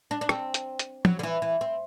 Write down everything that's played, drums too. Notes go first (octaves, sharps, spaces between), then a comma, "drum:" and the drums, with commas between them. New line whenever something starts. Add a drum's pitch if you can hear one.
D4
D4
C4, drum: rim click
drum: hi-hat
drum: hi-hat
F#3, drum: tom
D3
E3
E3
C4